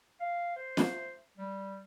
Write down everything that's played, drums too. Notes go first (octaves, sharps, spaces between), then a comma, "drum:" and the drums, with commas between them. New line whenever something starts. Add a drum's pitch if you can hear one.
F5
C5
drum: snare
G3